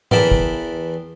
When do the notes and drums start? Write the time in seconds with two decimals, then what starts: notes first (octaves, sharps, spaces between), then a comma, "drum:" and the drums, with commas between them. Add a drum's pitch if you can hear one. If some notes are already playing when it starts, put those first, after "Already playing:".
0.11 E2 E3 A#4 G5 A5 B5, drum: tom G#2
0.32 drum: kick